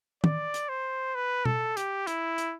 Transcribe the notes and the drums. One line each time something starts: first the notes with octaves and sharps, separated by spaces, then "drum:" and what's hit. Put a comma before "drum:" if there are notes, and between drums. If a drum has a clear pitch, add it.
D5, drum: tom D#3
drum: hi-hat
C5
B4
A4, drum: tom B2
G4, drum: hi-hat
E4, drum: hi-hat
drum: hi-hat